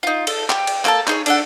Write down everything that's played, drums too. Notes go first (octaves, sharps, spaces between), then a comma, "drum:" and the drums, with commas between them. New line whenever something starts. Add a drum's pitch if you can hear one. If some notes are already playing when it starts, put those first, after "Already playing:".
D#4 F4
A4, drum: cymbal
G4, drum: clap
drum: cymbal
A#3 A4 A5, drum: clap
D#4 G#4 C#5, drum: clap
D4 A4 F#5, drum: cymbal